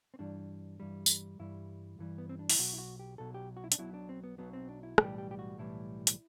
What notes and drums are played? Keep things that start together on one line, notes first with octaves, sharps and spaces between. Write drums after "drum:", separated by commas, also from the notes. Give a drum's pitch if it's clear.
C4
G2 E3 G3 D4
G2 E3 G3
drum: tambourine
G2 E3 G3 E4
G2 E3 G3
B3
C4
D4
E4, drum: open hi-hat
B1 B2 F#3 F#4
E4
F#4
G4
B1 B2 F#3 A4
G4
F#4
E4
D4, drum: hi-hat
B1 B2 F#3 E4
D4
C4
B3
B1 B2 F#3 B3
C4
D4
E4
B1 A2 E3 G3 G4, drum: rim click
G4
G4
F#4
B1 A2 E3 G3 E4
drum: hi-hat